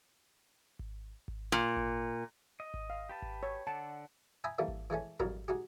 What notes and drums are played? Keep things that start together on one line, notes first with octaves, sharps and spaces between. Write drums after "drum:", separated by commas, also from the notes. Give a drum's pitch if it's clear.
drum: kick G#1
drum: kick G#1
A#2
drum: kick G#1
D#5
drum: kick G#1
F5
G4 B4 A5
drum: kick G#1
C#5
D3 F#5 A5
E5 G5 G#5 A#5 B5 D#6
E3 G3 A3 A#3 D4
drum: kick G#1
E3 G#3 A3 C#4
A1 F2 F#3 G3 A#4 A#5, drum: kick G#1
G#3 D#4 F#4 G4